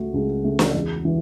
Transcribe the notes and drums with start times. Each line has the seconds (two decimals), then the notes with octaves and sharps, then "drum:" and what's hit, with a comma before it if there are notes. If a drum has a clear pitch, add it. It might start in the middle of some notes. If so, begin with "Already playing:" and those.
Already playing: C#2 C#3 A3 F#4
0.14 C#2
0.44 C#3 A3
0.59 drum: snare
0.74 E2
1.05 E3